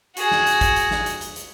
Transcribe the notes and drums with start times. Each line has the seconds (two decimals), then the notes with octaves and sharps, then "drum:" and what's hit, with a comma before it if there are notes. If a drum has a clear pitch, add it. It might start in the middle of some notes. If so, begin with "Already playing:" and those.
0.17 F#4 G#4, drum: hi-hat
0.31 drum: snare
0.46 drum: hi-hat
0.61 drum: kick, hi-hat
0.76 drum: hi-hat
0.91 drum: snare
1.06 drum: hi-hat
1.21 drum: hi-hat
1.36 drum: hi-hat